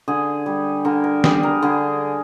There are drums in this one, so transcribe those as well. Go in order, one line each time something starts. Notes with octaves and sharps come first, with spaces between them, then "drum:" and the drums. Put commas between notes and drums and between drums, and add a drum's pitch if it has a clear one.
D3 G#4
G3
D3 A#4
A#4
G3 G#4, drum: snare
A#4
D3 G#4